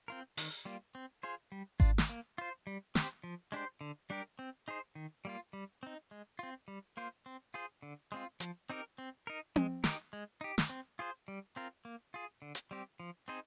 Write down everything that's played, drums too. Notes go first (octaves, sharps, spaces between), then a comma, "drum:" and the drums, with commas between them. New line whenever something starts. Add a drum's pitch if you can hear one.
C4 F4 A#4
D#3, drum: open hi-hat
G3 A#3 F4
C4
F4 G#4 C5
G3
D4 F4, drum: kick G#1
drum: snare
A#3
F4 C5
G3
C4 G4 C5, drum: snare
F3
G#3 D4 G4 C5
D3
G3 D4 G4 A#4
C4
D#4 G#4 C5
D#3
G3 A#3 F4
G3
C4 D#4
G#3
C4 F4
G3
A#3 F4 C5
C4
F4 G#4 C5
D3
G#3 C4 F4
F3, drum: hi-hat
C4 D#4 G4 A#4
C4
D#4 A#4
G#3, drum: tom C4
D#4 G4 A#4, drum: snare
G#3
D#4 G4
drum: snare
C4
F4 G#4 C5
G3
C4 F4 A#4
A#3
F4 G#4
D3
drum: hi-hat
G3 C4 G4
F3
C4 D#4 G#4 C5